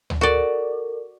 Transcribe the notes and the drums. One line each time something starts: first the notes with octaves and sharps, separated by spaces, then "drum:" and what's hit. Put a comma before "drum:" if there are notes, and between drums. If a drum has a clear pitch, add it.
drum: tom D2
F#4 A4 A#4 D5